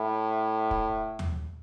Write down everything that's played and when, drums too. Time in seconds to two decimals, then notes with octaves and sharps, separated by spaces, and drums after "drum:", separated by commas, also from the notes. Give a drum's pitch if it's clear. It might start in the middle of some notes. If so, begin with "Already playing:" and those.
Already playing: A2
0.71 drum: kick
1.19 drum: tom D#2